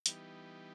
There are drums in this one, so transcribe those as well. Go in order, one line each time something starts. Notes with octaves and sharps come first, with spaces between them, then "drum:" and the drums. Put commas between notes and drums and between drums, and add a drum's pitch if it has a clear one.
E3 G3 B3 D#4 G4, drum: hi-hat